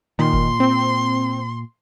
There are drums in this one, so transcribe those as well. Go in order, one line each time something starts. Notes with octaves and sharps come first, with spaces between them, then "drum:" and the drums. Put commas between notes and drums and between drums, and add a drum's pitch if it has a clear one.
A#2 D#3 C6
drum: kick F1
C4